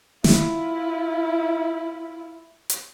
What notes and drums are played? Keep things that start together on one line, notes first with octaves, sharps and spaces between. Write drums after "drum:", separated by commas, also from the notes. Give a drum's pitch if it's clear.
E4 F4, drum: snare
drum: hi-hat